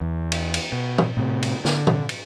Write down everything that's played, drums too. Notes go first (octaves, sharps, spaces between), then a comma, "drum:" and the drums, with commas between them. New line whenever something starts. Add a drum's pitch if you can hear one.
E2
drum: cymbal
drum: cymbal
B2
drum: tom
A2 C3
drum: cymbal
D3, drum: snare
drum: tom
drum: cymbal